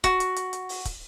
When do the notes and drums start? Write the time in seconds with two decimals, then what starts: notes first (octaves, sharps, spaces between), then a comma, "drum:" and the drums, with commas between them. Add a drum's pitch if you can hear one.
0.04 F#4, drum: kick, hi-hat
0.20 drum: hi-hat
0.36 drum: hi-hat
0.53 drum: hi-hat
0.69 drum: open hi-hat
0.85 drum: kick, hi-hat